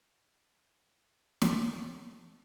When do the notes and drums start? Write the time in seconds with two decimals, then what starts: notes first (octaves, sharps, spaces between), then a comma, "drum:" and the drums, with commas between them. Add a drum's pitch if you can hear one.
1.42 A5 C#6 C7, drum: snare